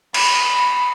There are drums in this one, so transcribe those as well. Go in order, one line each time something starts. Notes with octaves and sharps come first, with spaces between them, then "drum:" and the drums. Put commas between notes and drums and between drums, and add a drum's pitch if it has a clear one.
B5, drum: cymbal